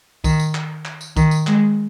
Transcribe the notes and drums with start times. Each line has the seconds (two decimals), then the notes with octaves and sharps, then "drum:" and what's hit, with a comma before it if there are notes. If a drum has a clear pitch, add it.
0.24 D#3, drum: kick, tambourine
0.40 drum: tambourine
0.55 drum: clap
0.85 drum: clap
1.01 drum: tambourine
1.17 D#3, drum: kick, tambourine
1.31 drum: tambourine
1.47 G#3, drum: clap